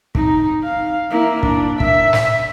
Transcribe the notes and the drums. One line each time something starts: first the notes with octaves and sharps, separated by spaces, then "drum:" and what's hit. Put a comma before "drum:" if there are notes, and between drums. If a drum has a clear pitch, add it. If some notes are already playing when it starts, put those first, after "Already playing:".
D#4, drum: kick
F5
A#3 E4
D4, drum: kick
E5, drum: kick
drum: snare